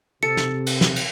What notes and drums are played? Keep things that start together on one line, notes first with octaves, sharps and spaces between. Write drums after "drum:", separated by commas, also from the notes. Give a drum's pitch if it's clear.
C3 A4 C#7
drum: snare
drum: cymbal
drum: snare
drum: cymbal